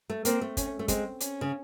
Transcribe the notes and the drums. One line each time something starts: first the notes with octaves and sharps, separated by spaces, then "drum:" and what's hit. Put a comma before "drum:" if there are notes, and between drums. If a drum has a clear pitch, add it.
A3
A#3 C4, drum: hi-hat
A3
C#4, drum: kick, hi-hat
A3
G#3 C4, drum: kick, hi-hat
C#4, drum: hi-hat
C#3